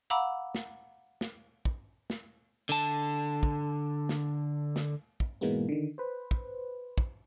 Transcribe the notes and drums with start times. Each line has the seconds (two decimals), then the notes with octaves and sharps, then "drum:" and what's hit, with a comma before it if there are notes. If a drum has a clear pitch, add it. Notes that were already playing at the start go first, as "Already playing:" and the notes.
0.10 F5 F#5 A#5 B5 D6 E6
0.55 drum: snare
1.21 drum: snare
1.65 drum: kick
2.10 drum: snare
2.69 D3 A5
3.43 drum: kick
4.09 drum: snare
4.76 drum: snare
5.20 drum: kick
5.41 G#2 B2 E3 G#3 A#3 B3
5.69 D3 D#3
5.98 B4 C5
6.31 drum: kick
6.98 drum: kick